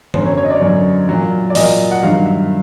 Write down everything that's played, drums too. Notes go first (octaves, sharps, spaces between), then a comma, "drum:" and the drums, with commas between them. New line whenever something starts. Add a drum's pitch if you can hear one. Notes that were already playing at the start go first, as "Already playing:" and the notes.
F#2 D3 F#3 C5, drum: tom C#3
C#5
C#5
D#5
D5
F#2 D3 F#3
A#2 F#3
D5
A#2 F#3 D#5, drum: open hi-hat
F#5
G2 D#3 F#3 F5
E5